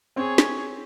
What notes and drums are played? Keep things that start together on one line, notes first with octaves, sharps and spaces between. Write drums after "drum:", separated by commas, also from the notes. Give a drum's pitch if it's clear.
C4 G#4 C#5
drum: snare